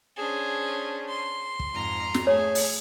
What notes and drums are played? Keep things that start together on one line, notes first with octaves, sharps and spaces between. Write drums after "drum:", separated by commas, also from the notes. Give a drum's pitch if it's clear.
C#4 D4 G#4 C5
C6
drum: kick
F2 G#2 A#5
drum: snare
A3 G#4 C#5
drum: open hi-hat